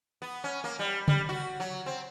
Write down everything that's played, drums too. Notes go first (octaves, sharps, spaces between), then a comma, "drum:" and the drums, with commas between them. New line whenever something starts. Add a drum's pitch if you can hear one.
B3
C#4
A#3
G3
G3, drum: tom C#3
F#4
F#3
C4